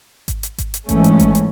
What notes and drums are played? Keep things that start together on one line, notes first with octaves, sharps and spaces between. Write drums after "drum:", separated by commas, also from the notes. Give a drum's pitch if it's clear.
drum: kick G#1, hi-hat
drum: hi-hat
drum: kick G#1, hi-hat
drum: hi-hat
G#2 E3 A3 C#4, drum: kick G#1, hi-hat
drum: hi-hat
drum: kick G#1, hi-hat
drum: hi-hat